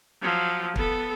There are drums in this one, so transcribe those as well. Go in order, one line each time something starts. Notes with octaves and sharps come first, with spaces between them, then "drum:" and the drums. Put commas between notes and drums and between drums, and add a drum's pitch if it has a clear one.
F3 F#3
B3 A4, drum: kick